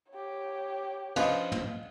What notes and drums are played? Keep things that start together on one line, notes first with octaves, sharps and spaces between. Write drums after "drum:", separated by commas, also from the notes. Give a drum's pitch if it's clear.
G4 C#5
F3 C#4 D4 B4 D#5 F5, drum: cymbal
drum: tom